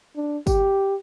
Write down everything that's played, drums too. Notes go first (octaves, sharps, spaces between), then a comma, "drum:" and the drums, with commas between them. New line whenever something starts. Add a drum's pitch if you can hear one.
D4
G4, drum: kick G1, tambourine